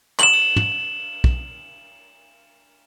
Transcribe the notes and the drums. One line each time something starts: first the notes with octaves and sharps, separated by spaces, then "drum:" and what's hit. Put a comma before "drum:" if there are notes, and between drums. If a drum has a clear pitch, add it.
E7 F#7, drum: clap
drum: cymbal
drum: tom
drum: kick